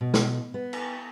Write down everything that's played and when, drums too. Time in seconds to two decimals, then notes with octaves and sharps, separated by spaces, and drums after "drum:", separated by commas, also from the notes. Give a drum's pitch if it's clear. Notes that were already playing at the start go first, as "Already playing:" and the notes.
0.01 B2
0.14 drum: snare
0.54 B3
0.73 drum: cymbal